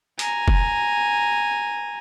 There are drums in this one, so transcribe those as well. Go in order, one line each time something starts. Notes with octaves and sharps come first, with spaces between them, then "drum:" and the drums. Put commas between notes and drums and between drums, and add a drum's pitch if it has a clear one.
G#5 A#5, drum: hi-hat
drum: kick